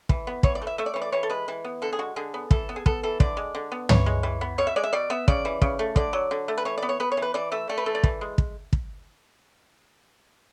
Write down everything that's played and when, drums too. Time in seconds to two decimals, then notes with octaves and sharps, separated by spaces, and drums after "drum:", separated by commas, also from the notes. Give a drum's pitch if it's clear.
0.09 E3, drum: kick
0.27 B3
0.43 E3 C#5, drum: kick
0.55 D5
0.62 A3
0.67 E5
0.78 A3 E5
0.86 D5
0.94 E3 C#5
1.02 D5
1.12 E3 C#5
1.23 A4
1.30 G#3 B4
1.48 E3
1.65 B3
1.82 D3 A4
1.93 G#4
1.99 G#3 F#4
2.16 D3 G#4
2.34 B3
2.51 E3 A4, drum: kick
2.69 B3
2.76 G#4
2.86 B3 A4, drum: kick
3.03 E3 A4
3.20 D3 D5, drum: kick
3.37 G#3
3.55 D3
3.72 B3
3.89 E3 C#5, drum: tom
4.06 G#3
4.23 E3
4.41 B3
4.58 B2 C#5
4.67 E5
4.76 G#3 D5
4.84 E5
4.93 B2 D5
5.10 B3 E5
5.28 C#3 D5, drum: kick
5.45 E3
5.62 C#3, drum: kick
5.79 A3
5.96 D3 D5, drum: kick
6.13 F#3
6.31 D3
6.48 A3
6.58 B4
6.65 E3 C#5
6.78 B3 D5
6.89 C#5
7.00 B3 B4
7.12 C#5
7.17 E3
7.22 B4
7.34 E3 D5
7.52 A3 E5
7.69 A3 D5
7.78 B4
7.86 E3 A4
7.95 D5
8.03 E3, drum: kick
8.21 G#3
8.38 drum: kick
8.73 drum: kick